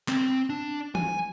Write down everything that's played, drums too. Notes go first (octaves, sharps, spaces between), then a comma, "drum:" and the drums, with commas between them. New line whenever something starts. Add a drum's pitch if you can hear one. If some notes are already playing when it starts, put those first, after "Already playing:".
C4, drum: clap
D4
G#5, drum: tom E3